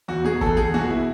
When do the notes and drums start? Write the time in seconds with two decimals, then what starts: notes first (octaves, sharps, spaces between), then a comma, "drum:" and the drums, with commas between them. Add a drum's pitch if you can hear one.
0.08 E2 F#4
0.25 B2 G#4
0.41 E2 A4, drum: kick G#1
0.57 E2 G#4
0.74 B2 F#4
0.90 E4